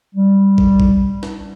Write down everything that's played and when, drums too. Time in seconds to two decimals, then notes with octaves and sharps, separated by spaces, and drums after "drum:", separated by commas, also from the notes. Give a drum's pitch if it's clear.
0.15 G3
0.58 drum: kick
0.80 drum: kick
1.23 drum: snare